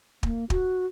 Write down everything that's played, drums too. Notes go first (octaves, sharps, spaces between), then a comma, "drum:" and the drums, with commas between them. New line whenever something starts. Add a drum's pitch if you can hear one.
A#3, drum: kick
F#4, drum: kick